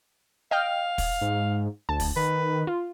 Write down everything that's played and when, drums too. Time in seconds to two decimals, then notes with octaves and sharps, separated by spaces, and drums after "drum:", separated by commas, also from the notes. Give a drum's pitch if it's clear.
0.51 D#5 F5 G5 F6
0.98 drum: kick, open hi-hat
1.21 G#2
1.89 D2 A5
2.00 drum: kick, open hi-hat
2.16 D#3 B4
2.67 F4